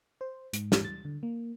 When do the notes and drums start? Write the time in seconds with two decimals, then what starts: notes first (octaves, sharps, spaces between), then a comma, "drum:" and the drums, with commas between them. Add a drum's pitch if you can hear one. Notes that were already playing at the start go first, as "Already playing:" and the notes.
0.21 C5
0.53 G#2, drum: hi-hat
0.72 drum: snare
0.85 A6
1.05 D3
1.23 A#3